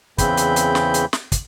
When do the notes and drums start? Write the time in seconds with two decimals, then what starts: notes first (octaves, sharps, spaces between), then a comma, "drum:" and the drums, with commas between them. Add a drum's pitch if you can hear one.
0.18 E2 C#3 E3 C4 B5 G6, drum: kick, hi-hat
0.37 drum: hi-hat
0.56 drum: hi-hat
0.75 drum: snare
0.94 drum: hi-hat
1.13 drum: snare
1.32 drum: kick, hi-hat